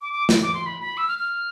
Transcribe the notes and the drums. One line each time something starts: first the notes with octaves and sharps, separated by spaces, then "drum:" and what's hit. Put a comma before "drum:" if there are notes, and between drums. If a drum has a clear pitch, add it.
D6
D6
drum: snare
D6
C6
B5
B5
E6
F6
F6